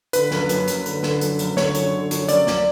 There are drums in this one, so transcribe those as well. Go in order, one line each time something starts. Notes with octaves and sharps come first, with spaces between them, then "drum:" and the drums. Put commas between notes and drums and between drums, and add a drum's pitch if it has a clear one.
D3 B4, drum: hi-hat
F#1, drum: snare
F#2, drum: hi-hat
F#1, drum: hi-hat
D3, drum: hi-hat
D3, drum: snare
F#2, drum: hi-hat
F#1, drum: hi-hat
D3 C#5, drum: snare
F#2, drum: hi-hat
D3
F#2, drum: hi-hat
F#1 D5, drum: hi-hat
F#1, drum: snare